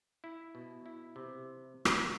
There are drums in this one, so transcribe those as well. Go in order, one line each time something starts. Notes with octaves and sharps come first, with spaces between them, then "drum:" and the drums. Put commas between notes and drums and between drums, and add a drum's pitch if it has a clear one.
E4
B2
E4
C3
drum: rim click